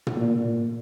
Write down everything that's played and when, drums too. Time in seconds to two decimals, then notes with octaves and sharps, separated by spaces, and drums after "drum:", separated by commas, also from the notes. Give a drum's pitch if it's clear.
0.07 drum: tom
0.16 A#2